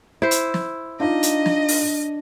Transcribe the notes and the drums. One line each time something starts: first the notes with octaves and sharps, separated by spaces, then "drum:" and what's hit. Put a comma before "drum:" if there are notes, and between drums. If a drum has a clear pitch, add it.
E4 C5
drum: hi-hat
drum: snare
D4 D#4 F4 D#5
drum: hi-hat
drum: snare
drum: open hi-hat